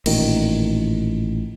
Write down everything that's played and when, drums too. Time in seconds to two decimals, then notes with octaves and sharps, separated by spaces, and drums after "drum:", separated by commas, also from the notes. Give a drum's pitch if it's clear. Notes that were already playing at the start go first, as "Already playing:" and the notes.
0.06 A1 A#2 D#3, drum: cymbal